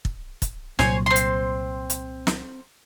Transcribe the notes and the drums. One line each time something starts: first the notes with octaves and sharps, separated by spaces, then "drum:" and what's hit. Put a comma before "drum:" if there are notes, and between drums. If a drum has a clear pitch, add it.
drum: kick
drum: kick, hi-hat
C2 A#2 F#3 C5 C#5 G#5, drum: snare
C4 C6
drum: hi-hat
drum: hi-hat
drum: snare